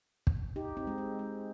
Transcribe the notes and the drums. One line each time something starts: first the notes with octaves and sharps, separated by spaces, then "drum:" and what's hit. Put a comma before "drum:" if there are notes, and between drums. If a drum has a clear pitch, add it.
drum: kick
D#4 G4
C4 D#4
G#3 C4
G#3
G#3